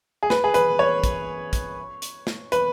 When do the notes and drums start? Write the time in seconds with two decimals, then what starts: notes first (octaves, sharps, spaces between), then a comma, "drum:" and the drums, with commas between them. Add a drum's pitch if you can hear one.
0.23 G#4
0.30 B4, drum: snare
0.44 G#4
0.54 B4, drum: hi-hat
0.79 C#5
1.04 drum: kick, hi-hat
1.53 drum: kick, hi-hat
2.02 drum: hi-hat
2.27 drum: snare
2.52 B4, drum: hi-hat